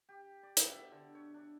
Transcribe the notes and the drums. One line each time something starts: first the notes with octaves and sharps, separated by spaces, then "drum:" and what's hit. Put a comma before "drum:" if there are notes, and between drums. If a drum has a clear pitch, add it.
G4
D5
B2, drum: hi-hat
E5
D3
C#5
D4